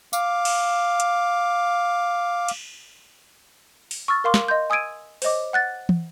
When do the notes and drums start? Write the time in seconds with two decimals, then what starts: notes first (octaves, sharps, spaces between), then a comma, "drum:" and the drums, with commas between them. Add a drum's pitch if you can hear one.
0.13 F5 D6, drum: tambourine
0.45 drum: cymbal
1.00 drum: hi-hat
2.48 drum: cymbal
3.91 drum: open hi-hat
4.08 C#6 E6 F6 A6
4.24 A#4 F5 C6 D6 F6
4.34 drum: snare
4.48 D#5 C6 G6
4.70 G#5 D#6 E6 G#6 D7 D#7
5.22 C5 C#5 D#5 D6, drum: open hi-hat
5.53 F#5 F#6 A6
5.89 drum: tom